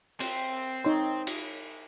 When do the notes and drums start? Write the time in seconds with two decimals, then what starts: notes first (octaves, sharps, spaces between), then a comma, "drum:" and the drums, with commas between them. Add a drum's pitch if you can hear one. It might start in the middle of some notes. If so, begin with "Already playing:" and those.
0.20 C4, drum: cymbal
0.85 D#4 C#5 C6
1.27 drum: cymbal